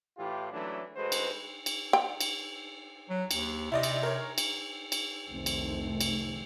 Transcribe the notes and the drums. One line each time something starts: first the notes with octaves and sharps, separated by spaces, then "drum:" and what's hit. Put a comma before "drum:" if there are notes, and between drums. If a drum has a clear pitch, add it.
A2 E3 E4 F4 G4
E3 F#3 G#3 A3 C#4 D4
A1 G#3 F#4 A4 B4 C5
drum: cymbal
drum: cymbal
G5
drum: cymbal
F#3
D#2, drum: cymbal
C3 E4 D5 D#5
drum: cymbal
A#4 C#5
drum: cymbal
drum: cymbal
F1 C2 F2 D#3 A3 C4
drum: cymbal
drum: cymbal